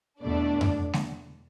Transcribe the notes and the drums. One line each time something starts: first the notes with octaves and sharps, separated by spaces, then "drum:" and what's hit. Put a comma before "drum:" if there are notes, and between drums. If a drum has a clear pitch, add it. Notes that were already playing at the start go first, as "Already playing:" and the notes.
E2 B2 A3 D4 D5
drum: tom F2
drum: snare G#3